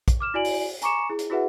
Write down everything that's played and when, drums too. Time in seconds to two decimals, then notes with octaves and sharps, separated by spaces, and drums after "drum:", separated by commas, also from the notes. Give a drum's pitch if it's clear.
0.08 drum: kick A#1, hi-hat
0.20 D6 F6 E7
0.34 E4 F#4 D5 G#5 D7 F#7
0.45 drum: open hi-hat
0.82 G#5 A#5 C#6 D6 C#7 E7, drum: hi-hat
1.10 E4 G#4
1.19 drum: hi-hat
1.30 E4 F#4 G#4 B4 E5 F#5